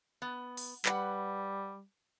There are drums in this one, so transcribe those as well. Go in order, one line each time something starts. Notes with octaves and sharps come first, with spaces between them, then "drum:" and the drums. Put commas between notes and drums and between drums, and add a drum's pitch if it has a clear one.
B3
drum: open hi-hat
G3 B4 F#5, drum: clap